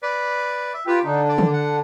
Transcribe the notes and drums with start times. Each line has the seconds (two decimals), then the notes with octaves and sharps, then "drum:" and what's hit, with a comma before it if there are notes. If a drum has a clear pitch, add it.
0.03 B4 D5
0.74 E5
0.87 F4 G4 B4 G5
1.04 D3 D4 D#4
1.29 D5
1.38 drum: tom D3
1.53 F#5